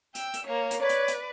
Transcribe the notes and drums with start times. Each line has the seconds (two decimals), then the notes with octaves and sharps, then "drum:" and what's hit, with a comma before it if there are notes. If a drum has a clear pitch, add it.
0.15 G5 E6, drum: hi-hat
0.34 drum: hi-hat
0.46 A#3 C#5
0.71 drum: hi-hat
0.80 B4 C#5 D5
0.89 drum: hi-hat
1.08 drum: hi-hat